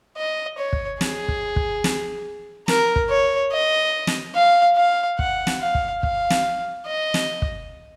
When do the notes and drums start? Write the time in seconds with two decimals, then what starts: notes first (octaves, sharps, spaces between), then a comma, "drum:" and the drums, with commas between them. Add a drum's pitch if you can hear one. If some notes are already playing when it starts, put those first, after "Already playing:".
0.17 D#5
0.58 C#5
0.73 drum: kick
1.01 G#4, drum: snare
1.28 drum: kick
1.56 drum: kick
1.84 drum: snare
2.68 A#4, drum: snare
2.96 drum: kick
3.09 C#5
3.52 D#5
4.07 drum: snare
4.35 F5
4.76 F5
5.19 F#5, drum: kick
5.47 drum: snare
5.61 F5
5.75 drum: kick
6.03 F5, drum: kick
6.30 drum: snare
6.86 D#5
7.14 drum: snare
7.42 drum: kick